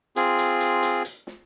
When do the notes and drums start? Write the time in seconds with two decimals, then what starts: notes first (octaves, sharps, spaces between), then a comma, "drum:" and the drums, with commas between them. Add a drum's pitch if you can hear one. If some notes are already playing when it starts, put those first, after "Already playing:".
0.16 C4 F4 G#4, drum: hi-hat
0.38 drum: hi-hat
0.61 drum: hi-hat
0.83 drum: hi-hat
1.05 drum: hi-hat
1.27 drum: snare